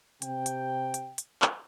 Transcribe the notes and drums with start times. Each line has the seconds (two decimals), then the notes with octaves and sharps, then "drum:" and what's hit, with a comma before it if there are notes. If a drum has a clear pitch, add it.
0.22 C3 G5, drum: hi-hat
0.46 drum: hi-hat
0.94 drum: hi-hat
1.18 drum: hi-hat
1.42 drum: clap